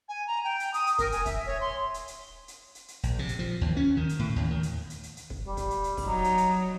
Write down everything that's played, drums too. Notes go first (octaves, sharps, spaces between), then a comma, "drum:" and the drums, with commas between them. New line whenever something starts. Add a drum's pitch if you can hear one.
G#5
A#5
G5
drum: hi-hat
D#6, drum: hi-hat
drum: hi-hat
A#4, drum: kick, hi-hat
G#5, drum: hi-hat
E5, drum: kick, hi-hat
C#5
C6
drum: hi-hat
drum: hi-hat
drum: hi-hat
drum: hi-hat
drum: hi-hat
A#1, drum: hi-hat
C3
drum: hi-hat
F3
D#2
C#4
D#3
drum: hi-hat
A2
D#2
D#3
drum: hi-hat
drum: hi-hat
drum: hi-hat
drum: hi-hat
drum: kick
G3
drum: kick, hi-hat
drum: hi-hat
drum: hi-hat
drum: kick, open hi-hat
F#3 D#4
drum: hi-hat
drum: hi-hat